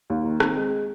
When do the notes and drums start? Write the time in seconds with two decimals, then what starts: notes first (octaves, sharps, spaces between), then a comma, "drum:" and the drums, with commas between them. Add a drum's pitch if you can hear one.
0.10 D#2
0.24 D#3
0.40 C4, drum: rim click
0.56 G#3